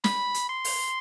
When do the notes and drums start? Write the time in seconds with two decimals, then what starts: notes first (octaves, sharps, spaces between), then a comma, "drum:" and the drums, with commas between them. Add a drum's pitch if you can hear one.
0.04 B5, drum: snare
0.34 drum: hi-hat
0.49 C6
0.65 drum: open hi-hat